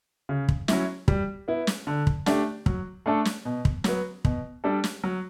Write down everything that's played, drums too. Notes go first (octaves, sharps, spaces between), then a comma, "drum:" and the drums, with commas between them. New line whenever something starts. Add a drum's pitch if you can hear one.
C#3
drum: kick
F#3 C#4 E4, drum: snare
G3, drum: kick
B3 E4
drum: snare
D3
drum: kick
A3 D4 G4, drum: snare
F#3, drum: kick
A3 D4 A4
drum: snare
B2
drum: kick
F#3 B3, drum: snare
B2, drum: kick
G3 D4 A4
drum: snare
F#3